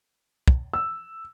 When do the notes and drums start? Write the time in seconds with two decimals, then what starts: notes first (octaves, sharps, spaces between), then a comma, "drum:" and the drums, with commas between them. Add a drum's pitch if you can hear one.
0.48 drum: kick
0.73 E6